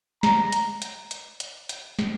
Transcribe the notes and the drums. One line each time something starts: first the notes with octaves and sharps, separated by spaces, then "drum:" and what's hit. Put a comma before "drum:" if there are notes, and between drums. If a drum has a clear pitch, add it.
A#5, drum: snare
drum: hi-hat
drum: hi-hat
drum: hi-hat
drum: hi-hat
drum: hi-hat
drum: snare